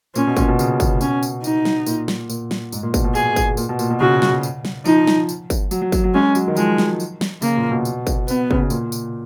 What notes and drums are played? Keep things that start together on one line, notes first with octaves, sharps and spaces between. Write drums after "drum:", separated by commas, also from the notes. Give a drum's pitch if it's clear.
A#2 C#4, drum: tambourine
B2
A#2, drum: kick, tambourine
B2
C#3, drum: tambourine
drum: kick, tambourine
B2 C#4, drum: tambourine
drum: tambourine
D#4, drum: tambourine
drum: snare
A#2, drum: tambourine
drum: snare
A#2, drum: tambourine
drum: snare
G#2, drum: tambourine
A#2
B2, drum: kick, tambourine
B2
G#4, drum: tambourine
drum: kick, tambourine
A#2, drum: tambourine
B2
A#2, drum: tambourine
B2
C#3 F#4
drum: snare
drum: tambourine
drum: snare
F3 D#4, drum: tambourine
drum: snare
drum: tambourine
drum: kick, tambourine
F#3, drum: tambourine
F#3
F#3, drum: kick, tambourine
F#3
G#3 C#4
F#3, drum: tambourine
D#3
F3 G#3, drum: tambourine
drum: snare
drum: tambourine
drum: snare
C#3 A#3, drum: tambourine
A#2
B2
drum: tambourine
drum: kick, tambourine
B3, drum: tambourine
C#3, drum: kick
B2
A#2, drum: tambourine
drum: tambourine